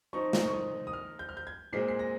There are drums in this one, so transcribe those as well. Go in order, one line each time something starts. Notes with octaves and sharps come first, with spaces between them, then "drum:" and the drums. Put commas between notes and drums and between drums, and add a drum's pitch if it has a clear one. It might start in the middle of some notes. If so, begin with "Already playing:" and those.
F3 C4 D#4 C#6
drum: snare
C#6
D#6
D#6
F6
G6
F6
G6
G#6
A#2 G#3 C4 C7
C7
A#6